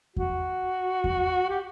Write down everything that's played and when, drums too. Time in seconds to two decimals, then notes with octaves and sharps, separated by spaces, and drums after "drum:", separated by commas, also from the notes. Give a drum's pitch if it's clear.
0.17 F#4, drum: kick E2
1.04 drum: kick E2
1.50 G4